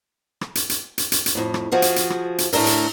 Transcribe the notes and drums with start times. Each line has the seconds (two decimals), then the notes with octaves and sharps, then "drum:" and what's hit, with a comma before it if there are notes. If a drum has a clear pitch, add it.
0.41 drum: rim click
0.55 drum: hi-hat
0.69 drum: hi-hat
0.98 drum: hi-hat
1.12 drum: hi-hat
1.26 drum: hi-hat
1.35 F2 A2
1.54 drum: rim click
1.72 F3 F#4 G#4
1.82 drum: hi-hat
1.96 drum: hi-hat
2.10 drum: rim click
2.38 drum: hi-hat
2.53 D2 A2 A3 D4 A#4, drum: open hi-hat
2.67 drum: hi-hat